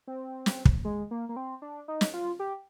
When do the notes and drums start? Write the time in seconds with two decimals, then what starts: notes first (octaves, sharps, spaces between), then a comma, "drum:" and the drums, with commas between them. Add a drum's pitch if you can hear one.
0.07 C4
0.46 drum: snare
0.65 drum: kick
0.85 G#3
1.11 A#3
1.29 A#3
1.36 C4
1.62 D4
1.88 D#4
2.01 drum: snare
2.14 F4
2.39 G4